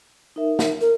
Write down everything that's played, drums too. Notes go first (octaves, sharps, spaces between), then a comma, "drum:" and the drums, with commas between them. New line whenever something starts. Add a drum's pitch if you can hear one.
D#4 A#4 E5
drum: snare
A#4